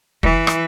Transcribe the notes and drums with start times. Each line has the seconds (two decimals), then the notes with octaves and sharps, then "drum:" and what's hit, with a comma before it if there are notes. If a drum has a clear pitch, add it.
0.23 E3, drum: kick
0.47 drum: rim click